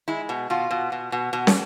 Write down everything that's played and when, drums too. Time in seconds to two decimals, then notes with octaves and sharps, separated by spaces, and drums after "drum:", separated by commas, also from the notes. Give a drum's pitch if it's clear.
0.08 G#3 E4
0.29 B2
0.50 B2 F4
0.71 B2
0.92 B2
1.12 B2
1.33 B2
1.47 drum: snare